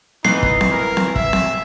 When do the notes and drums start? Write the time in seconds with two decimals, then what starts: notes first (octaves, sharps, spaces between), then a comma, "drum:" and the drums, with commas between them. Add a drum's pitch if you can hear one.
0.25 E3 B3 D#4 C7, drum: snare C4
0.43 drum: kick
0.61 drum: snare C4
0.71 A#4
0.97 drum: snare C4
1.16 E5, drum: kick
1.33 drum: snare C4